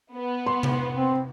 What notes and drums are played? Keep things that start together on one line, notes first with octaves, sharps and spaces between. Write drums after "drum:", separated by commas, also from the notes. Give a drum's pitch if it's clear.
B3
C6
drum: tom C3
C4